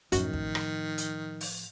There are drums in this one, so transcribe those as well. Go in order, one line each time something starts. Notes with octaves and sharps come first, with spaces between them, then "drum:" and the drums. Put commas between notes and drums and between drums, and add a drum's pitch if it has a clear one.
F#2 A2 D#3 F3 F#4, drum: hi-hat
drum: kick
drum: rim click
drum: hi-hat
drum: open hi-hat